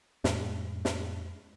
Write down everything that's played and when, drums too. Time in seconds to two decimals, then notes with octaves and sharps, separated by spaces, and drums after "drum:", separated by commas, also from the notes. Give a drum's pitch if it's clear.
0.24 F2 A2 G#3, drum: snare
0.85 drum: snare